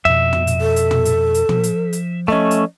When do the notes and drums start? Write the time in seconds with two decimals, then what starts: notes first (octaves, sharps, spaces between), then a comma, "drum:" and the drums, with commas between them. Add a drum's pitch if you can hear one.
0.05 F2 B2 E5
0.33 drum: tom
0.47 drum: hi-hat
0.61 A4
0.76 drum: hi-hat
0.91 drum: tom
1.05 drum: hi-hat
1.34 drum: hi-hat
1.49 F3, drum: tom
1.64 drum: hi-hat
1.93 drum: hi-hat
2.28 A3 C#4 D#5
2.51 drum: hi-hat